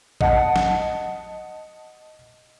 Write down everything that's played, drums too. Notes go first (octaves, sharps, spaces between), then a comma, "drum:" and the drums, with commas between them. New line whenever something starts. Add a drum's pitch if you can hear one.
D#5 F#5 A5, drum: kick
drum: snare